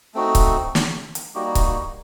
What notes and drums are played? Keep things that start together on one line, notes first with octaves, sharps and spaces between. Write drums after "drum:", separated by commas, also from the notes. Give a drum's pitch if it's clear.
A3 C4 D#4 F#4
drum: kick C#1, hi-hat
drum: snare
drum: hi-hat
G3 A#3 D#4 F#4 G4
drum: kick C#1, hi-hat
F#4